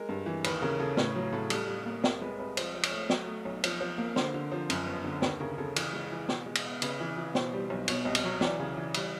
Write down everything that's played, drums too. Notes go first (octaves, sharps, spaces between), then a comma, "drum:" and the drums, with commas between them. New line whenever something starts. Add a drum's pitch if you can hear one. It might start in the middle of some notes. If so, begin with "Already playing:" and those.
Already playing: G#3 A#4
G2
E3
D#2 B4, drum: cymbal
C#3 A#4
C#3 A4
A2 B4, drum: snare
F#3
A2 A4
G3 A4, drum: cymbal
G3
A#3
C2 A#4, drum: snare
G#3 B4
C2 B4
F3 C5, drum: cymbal
F3
C#5, drum: cymbal
A3
F#3, drum: snare
A3
B1
F3, drum: cymbal
F3
A#3
D3 C5, drum: snare
D3
F3
F#2, drum: cymbal
G1
D3
D#2 B4, drum: snare
C#3 A#4
C#3 A4
E3, drum: cymbal
G#3
E3
B2, drum: snare
G#3
drum: cymbal
B3
C#3 B4, drum: cymbal
E3
E3
B2 C5, drum: snare
G3
B1
B2 C#5, drum: cymbal
C2 D#5
drum: cymbal
F#3 C#5
E3 D5, drum: snare
C#3
E3
G3 C#5, drum: cymbal